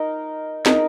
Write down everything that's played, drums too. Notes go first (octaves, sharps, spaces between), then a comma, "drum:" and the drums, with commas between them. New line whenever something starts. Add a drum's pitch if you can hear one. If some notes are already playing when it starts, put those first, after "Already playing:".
Already playing: D#4 A#4 D#5
D#4 A#4 D#5, drum: snare